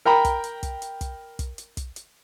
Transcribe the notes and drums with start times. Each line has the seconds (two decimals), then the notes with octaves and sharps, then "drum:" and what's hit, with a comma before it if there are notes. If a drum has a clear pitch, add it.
0.05 A#4 G5 A#5 B5
0.25 drum: kick, hi-hat
0.44 drum: hi-hat
0.63 drum: kick, hi-hat
0.82 drum: hi-hat
1.01 drum: kick, hi-hat
1.39 drum: kick, hi-hat
1.58 drum: hi-hat
1.77 drum: kick, hi-hat
1.96 drum: hi-hat